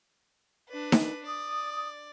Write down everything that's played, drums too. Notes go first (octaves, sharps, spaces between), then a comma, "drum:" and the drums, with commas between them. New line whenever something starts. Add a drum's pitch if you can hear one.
D4 B4
drum: snare D#4
D5 D#6